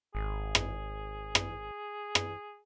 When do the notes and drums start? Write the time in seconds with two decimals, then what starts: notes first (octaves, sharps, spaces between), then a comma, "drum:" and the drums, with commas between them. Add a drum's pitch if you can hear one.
0.15 G#1 G#4
0.55 drum: rim click
1.35 drum: rim click
2.15 drum: rim click